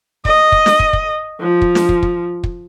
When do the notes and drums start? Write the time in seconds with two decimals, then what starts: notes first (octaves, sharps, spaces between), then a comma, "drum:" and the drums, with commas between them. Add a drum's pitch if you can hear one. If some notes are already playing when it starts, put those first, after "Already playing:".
0.25 D#5, drum: kick
0.52 drum: kick
0.66 drum: snare
0.80 drum: kick
0.93 drum: kick
1.40 F3
1.62 drum: kick
1.75 drum: snare
1.89 drum: kick
2.03 drum: kick
2.44 drum: kick